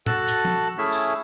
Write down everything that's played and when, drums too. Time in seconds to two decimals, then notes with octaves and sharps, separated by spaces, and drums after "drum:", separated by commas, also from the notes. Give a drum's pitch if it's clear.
0.06 F#4 A4 A5 F#6, drum: tom
0.28 drum: hi-hat
0.45 drum: tom
0.78 A3 C#4 E4 G#4 E5
0.92 drum: tambourine